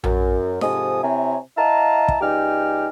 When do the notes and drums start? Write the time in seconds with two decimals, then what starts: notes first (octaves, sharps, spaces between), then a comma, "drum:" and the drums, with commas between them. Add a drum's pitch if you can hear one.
0.04 F#2, drum: tom A#1
0.61 G#2 C3 F3 A4 G#5 D#6, drum: snare
1.03 C3 C4 E4 C#5 G#5 A#5
1.57 E4 D#5 F5 A5 A#5
2.08 drum: kick
2.21 C#2 D#4 G4 D5 G#5 F6